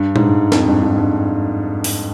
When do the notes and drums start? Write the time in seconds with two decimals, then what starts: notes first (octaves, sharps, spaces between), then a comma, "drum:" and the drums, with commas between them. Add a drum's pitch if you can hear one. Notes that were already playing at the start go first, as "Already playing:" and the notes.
Already playing: G2
0.16 G#2, drum: tom A#2
0.22 G2
0.52 F2, drum: snare
0.67 G2
0.83 G#2
0.98 G2
1.84 drum: open hi-hat